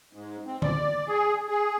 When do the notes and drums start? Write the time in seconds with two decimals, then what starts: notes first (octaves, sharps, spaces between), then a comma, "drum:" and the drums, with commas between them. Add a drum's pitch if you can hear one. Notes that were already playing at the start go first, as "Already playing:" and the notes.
0.13 G#2
0.46 C4
0.62 D5, drum: tom D3
1.07 G#4
1.48 G#4